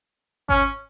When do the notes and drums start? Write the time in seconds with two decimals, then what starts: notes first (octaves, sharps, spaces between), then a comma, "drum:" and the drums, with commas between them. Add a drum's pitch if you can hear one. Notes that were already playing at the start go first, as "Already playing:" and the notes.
0.49 C#4, drum: kick G#1